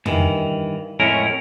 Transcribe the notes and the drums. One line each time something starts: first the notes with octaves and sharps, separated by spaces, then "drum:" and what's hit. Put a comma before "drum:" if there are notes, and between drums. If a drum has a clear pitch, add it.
G2 D#3 E3, drum: tom F2
F2 A2 G#3 C#4 E4 A#4